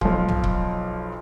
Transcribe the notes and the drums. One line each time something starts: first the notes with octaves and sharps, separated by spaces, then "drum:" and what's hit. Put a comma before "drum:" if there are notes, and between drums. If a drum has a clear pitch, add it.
B1 F3, drum: kick C#1
drum: tom B1
drum: kick C#1